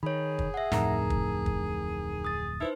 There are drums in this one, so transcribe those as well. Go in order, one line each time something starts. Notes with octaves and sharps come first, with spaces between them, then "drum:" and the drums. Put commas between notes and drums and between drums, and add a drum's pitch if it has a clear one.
D#3 G#4 C#5 B5
drum: kick
E5 F#5
D1 F2 A2 D#4 A#4 A#5, drum: snare
drum: kick
drum: kick
D#6 A6
D#4 E4 B4 C5